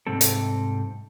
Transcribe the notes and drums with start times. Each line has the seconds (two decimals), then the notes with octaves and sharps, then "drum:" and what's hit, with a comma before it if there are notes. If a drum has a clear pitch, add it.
0.07 G#2 C3 G3 C4 A4
0.21 drum: hi-hat